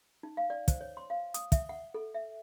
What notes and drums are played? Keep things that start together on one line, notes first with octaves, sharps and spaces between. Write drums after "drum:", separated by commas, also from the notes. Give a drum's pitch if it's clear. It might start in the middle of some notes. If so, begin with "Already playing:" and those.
D#4
F5
D5
C5, drum: kick, hi-hat
C#5
C6
F5
D#6, drum: hi-hat
E5, drum: kick, hi-hat
F#5
A4
E5